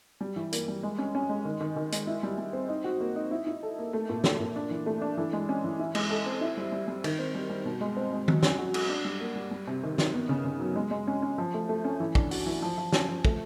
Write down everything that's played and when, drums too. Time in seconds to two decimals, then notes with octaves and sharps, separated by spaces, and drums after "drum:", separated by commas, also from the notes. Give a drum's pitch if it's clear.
0.21 G3
0.36 E3
0.52 A#3, drum: hi-hat
0.68 G3
0.83 G#3
0.98 C#4
1.15 C#4
1.30 G#3
1.45 D#3
1.61 D#3
1.76 D#3
1.92 G#3, drum: hi-hat
2.07 E4
2.23 G3
2.38 G3
2.53 C4
2.69 D#4
2.84 F#4
3.01 A#3
3.16 D#4
3.31 E4
3.47 E4
3.63 A4
3.78 A#3
3.93 A3
4.09 A#2
4.24 A3, drum: snare
4.40 A#2
4.56 D4
4.71 E3
4.86 A3
5.01 D4
5.17 E3
5.33 G#3
5.49 C#4
5.64 E3
5.79 E4
5.95 G#3, drum: cymbal
6.10 A4
6.26 C4
6.41 E4
6.57 G3
6.72 G3
6.88 G3
7.04 D#3, drum: cymbal
7.19 C4
7.35 G3
7.50 G3
7.65 B2
7.81 G#3
7.97 C4
8.13 G#3
8.28 F#3, drum: tom D#3
8.43 C#4, drum: snare
8.58 F#4
8.74 F#4, drum: cymbal
8.89 D4
9.05 G3
9.20 A#3
9.36 G3
9.51 G3
9.67 C3
9.83 D#3
9.98 D#3, drum: snare
10.14 B3
10.29 C#3
10.45 C#3
10.60 F#3
10.76 G#3
10.91 G#3
11.08 C#4
11.22 C#4
11.38 F3
11.54 A3
11.69 A3
11.85 C#4
12.00 E3
12.15 D4, drum: kick
12.31 F#4, drum: open hi-hat
12.46 E3
12.62 F3
12.78 F3
12.92 C#4, drum: snare
13.09 F3
13.25 A3, drum: kick